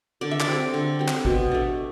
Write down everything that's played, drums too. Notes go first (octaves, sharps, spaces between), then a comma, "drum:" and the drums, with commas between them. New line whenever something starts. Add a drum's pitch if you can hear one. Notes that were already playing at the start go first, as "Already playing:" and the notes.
D3 D5
E5
D5, drum: clap
G3 C4
D3
G3 C4
drum: clap
B2, drum: kick G#1
A3 D4